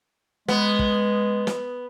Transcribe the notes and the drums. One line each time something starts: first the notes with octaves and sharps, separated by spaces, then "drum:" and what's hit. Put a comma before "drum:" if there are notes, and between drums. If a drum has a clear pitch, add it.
G#3 B3, drum: snare
drum: kick
drum: snare